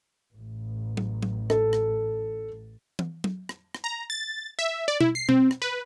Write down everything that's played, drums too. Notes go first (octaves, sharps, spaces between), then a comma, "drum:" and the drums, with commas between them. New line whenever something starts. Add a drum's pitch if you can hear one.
A1
drum: tom F#3
drum: tom F#3
A4, drum: rim click
drum: rim click
drum: tom
drum: tom F#3
drum: rim click
drum: rim click
A#5
A6
E5
D5
E4, drum: tom B2
C7
C4, drum: tom B2
drum: rim click
B4